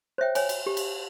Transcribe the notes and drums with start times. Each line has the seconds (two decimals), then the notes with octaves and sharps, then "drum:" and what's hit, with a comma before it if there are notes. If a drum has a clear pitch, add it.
0.18 C5 C#5 E5 G5
0.35 C#5 G#5, drum: cymbal
0.49 drum: cymbal
0.66 G4
0.77 drum: cymbal